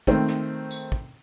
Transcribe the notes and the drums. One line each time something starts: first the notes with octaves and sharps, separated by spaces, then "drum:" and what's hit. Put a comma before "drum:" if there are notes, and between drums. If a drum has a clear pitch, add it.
D#3 A3 C4, drum: kick
drum: snare
drum: tambourine
drum: kick